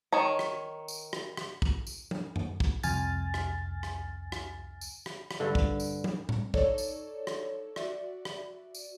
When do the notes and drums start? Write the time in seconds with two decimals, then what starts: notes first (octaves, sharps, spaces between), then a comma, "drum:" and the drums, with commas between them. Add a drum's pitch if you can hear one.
0.12 D#3 C#5 A#5
0.39 drum: rim click
0.88 drum: tambourine
1.13 drum: rim click
1.37 drum: rim click
1.62 drum: kick
1.87 drum: tambourine
2.11 drum: tom F3
2.36 drum: tom F#2
2.60 drum: kick
2.83 C2 F2 G#5 F6 A6, drum: tambourine
3.34 drum: rim click
3.83 drum: rim click
4.32 drum: rim click
4.81 drum: tambourine
5.06 drum: rim click
5.31 drum: rim click
5.40 G2 D3
5.55 drum: kick
5.80 drum: tambourine
6.04 drum: tom F3
6.29 drum: tom A2
6.54 D#4 A4 C#5 D5, drum: kick
6.78 drum: tambourine
7.27 drum: rim click
7.76 F#4 D5 E5, drum: rim click
8.25 drum: rim click
8.75 drum: tambourine